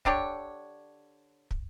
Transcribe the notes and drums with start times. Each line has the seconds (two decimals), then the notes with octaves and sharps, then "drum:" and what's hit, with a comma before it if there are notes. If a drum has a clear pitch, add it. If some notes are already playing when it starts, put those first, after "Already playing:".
0.05 D3 D4 G4 C#5, drum: kick
1.51 drum: kick